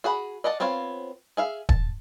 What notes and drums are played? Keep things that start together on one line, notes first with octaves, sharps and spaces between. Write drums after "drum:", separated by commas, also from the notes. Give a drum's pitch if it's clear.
F#4 G#4 F#5 B5
D5 D#5 F#5 A5
B3 C4 F4 C#5 F5
G#4 E5 F5
A5, drum: kick D#1